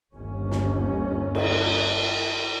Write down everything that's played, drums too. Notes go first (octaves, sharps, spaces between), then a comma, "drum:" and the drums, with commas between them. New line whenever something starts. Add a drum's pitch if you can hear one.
G1 D#2 C#4
drum: snare
drum: cymbal